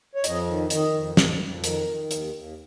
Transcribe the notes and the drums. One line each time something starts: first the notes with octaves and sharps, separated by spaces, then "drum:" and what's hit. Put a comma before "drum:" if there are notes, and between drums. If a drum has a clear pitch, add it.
C#5
F2 D#5, drum: hi-hat
D#3
D#3 D#5, drum: hi-hat
F2
F2, drum: snare
F2
D#3 A#4, drum: hi-hat
D#3
D#2, drum: hi-hat
D#2